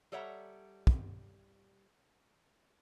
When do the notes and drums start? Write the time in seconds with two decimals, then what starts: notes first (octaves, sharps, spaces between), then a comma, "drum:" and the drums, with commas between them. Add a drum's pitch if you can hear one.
0.12 G3 A4 C#5 E5 F#5 A#5
0.87 drum: kick